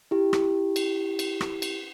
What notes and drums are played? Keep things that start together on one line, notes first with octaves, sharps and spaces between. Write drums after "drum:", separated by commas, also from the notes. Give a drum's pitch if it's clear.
E4 G4
drum: rim click
drum: cymbal
drum: cymbal
drum: rim click
drum: cymbal